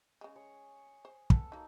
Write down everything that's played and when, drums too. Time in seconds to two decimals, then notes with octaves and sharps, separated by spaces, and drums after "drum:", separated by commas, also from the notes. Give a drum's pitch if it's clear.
0.21 C#3 G#3
0.36 G#4 C#5
1.05 C5
1.30 B3 A4, drum: kick
1.52 F#3 A#3 D#4